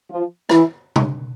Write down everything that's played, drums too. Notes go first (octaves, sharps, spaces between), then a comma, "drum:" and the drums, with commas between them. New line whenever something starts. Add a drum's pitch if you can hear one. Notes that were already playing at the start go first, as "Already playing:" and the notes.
F3 F4
E3 E4, drum: rim click
drum: tom B2